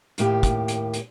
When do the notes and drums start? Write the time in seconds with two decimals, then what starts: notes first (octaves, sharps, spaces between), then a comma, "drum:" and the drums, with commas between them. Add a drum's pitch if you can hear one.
0.18 D#2 A2 A#3 G4, drum: hi-hat
0.43 drum: kick, hi-hat
0.68 drum: hi-hat
0.94 drum: hi-hat